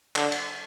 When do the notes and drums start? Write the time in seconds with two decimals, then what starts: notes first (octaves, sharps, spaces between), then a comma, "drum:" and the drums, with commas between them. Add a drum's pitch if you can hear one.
0.16 D3, drum: clap
0.32 drum: cymbal